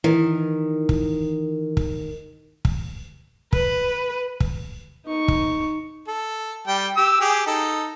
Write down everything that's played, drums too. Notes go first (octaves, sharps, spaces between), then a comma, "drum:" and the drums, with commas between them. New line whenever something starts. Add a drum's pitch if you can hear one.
D#3 E3
drum: kick
drum: kick
drum: kick
B4, drum: kick
drum: kick
D#4 C#6
drum: kick
A4
G3 G5
G4 E6
G4 G#4
D#4 A4